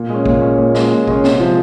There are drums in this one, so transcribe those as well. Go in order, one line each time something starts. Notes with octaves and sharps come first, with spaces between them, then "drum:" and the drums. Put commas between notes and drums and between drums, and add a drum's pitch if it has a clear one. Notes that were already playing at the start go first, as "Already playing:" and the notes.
Already playing: A#2
G#3 C#4
A#2, drum: kick G#1
G#3 C#4
A#2
G#3 C#4, drum: snare
A#2
G#3 C#4, drum: kick G#1
C3, drum: snare
F3 G#3